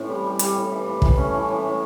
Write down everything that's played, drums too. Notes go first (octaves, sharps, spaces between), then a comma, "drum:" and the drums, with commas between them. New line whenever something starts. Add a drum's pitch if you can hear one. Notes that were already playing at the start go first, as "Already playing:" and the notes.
Already playing: A2 E3 C4 C#4
G3
G3
G3, drum: hi-hat
A2
E3
A2
E3, drum: kick
A3 C#4
E3
A2
A2